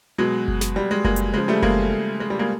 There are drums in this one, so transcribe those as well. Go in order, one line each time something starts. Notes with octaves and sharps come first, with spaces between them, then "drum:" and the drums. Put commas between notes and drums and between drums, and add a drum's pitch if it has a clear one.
B2 F#3 G#3
drum: kick F#1
drum: snare
G3
G#3
G#3 A#3, drum: kick F#1
drum: hi-hat
C#3 F3 G#3
G3 A3
G#3 A#3, drum: kick F#1
G#3
G3
G#3 A#3